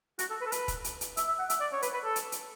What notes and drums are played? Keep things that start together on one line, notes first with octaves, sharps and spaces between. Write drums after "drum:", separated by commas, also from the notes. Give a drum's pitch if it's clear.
F#4, drum: hi-hat
A4
B4
A4
B4, drum: hi-hat
drum: kick, hi-hat
drum: hi-hat
drum: hi-hat
E5, drum: hi-hat
E5
F#5
E5, drum: hi-hat
D5
C#5
B4, drum: hi-hat
B4
A4
drum: hi-hat
drum: hi-hat